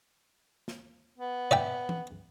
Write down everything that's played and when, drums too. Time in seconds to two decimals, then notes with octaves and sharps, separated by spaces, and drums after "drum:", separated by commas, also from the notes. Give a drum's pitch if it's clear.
0.68 drum: snare
1.18 B3
1.51 D5 E5 G5, drum: tom B2
1.89 drum: tom E3